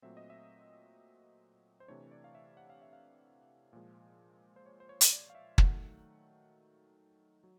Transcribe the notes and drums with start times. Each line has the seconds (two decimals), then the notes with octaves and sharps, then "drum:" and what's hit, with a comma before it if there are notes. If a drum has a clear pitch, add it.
0.02 A#2 F#3 A3 C4 E5
0.17 D#5
0.30 E5
1.80 C5
1.88 C3 E3 A3 D4 C#5
2.11 D5
2.24 F5
2.35 E5
2.57 F#5
2.70 F5
2.82 E5
2.93 F5
3.73 A#2 F3 G#3
4.56 C5
4.66 C#5
4.80 C5
4.89 C#5
5.01 drum: hi-hat
5.12 D5
5.30 F5
5.35 E5
5.58 D#3 F#3 A3 F#5, drum: kick
7.44 F#3